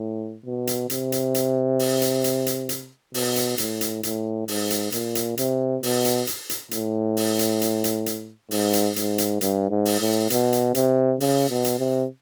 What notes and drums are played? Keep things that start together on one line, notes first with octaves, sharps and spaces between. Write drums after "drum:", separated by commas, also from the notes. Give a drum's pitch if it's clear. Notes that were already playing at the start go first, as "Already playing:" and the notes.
Already playing: A2
B2
drum: hi-hat
C3, drum: hi-hat
drum: hi-hat
drum: hi-hat
drum: open hi-hat
drum: hi-hat
drum: hi-hat
drum: hi-hat
drum: hi-hat
B2, drum: open hi-hat
drum: hi-hat
A2, drum: hi-hat
drum: hi-hat
A2, drum: hi-hat
G#2, drum: open hi-hat
drum: hi-hat
A#2, drum: hi-hat
drum: hi-hat
C3, drum: hi-hat
B2, drum: open hi-hat
drum: hi-hat
drum: hi-hat
drum: hi-hat
A2, drum: hi-hat
drum: open hi-hat
drum: hi-hat
drum: hi-hat
drum: hi-hat
drum: hi-hat
G#2, drum: open hi-hat
drum: hi-hat
G#2, drum: hi-hat
drum: hi-hat
G2, drum: hi-hat
G#2
drum: open hi-hat
A2
B2, drum: hi-hat
drum: hi-hat
C3, drum: hi-hat
C#3, drum: open hi-hat
B2
drum: hi-hat
C3